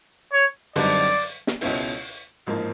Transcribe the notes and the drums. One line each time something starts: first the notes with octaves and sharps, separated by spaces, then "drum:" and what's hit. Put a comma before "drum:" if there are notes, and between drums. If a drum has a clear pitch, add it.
C#5
F#2 D3 G3 C4 D#4 D5, drum: open hi-hat
drum: snare
C#2 B2 G#3 C#4 E4, drum: open hi-hat
A1 G#2 F3 A#3